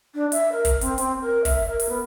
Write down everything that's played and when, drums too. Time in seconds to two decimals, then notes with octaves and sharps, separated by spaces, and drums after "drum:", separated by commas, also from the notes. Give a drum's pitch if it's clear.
0.15 D4
0.32 E5, drum: hi-hat
0.52 A#4
0.65 drum: kick, hi-hat
0.81 C4, drum: hi-hat
0.98 C4, drum: hi-hat
1.22 A#4
1.45 E5, drum: kick, open hi-hat
1.68 A#4
1.80 drum: open hi-hat
1.89 B3